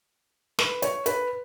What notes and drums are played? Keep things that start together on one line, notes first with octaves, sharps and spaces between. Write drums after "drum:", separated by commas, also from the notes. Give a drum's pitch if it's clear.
B4, drum: snare
C#5, drum: hi-hat
B4, drum: hi-hat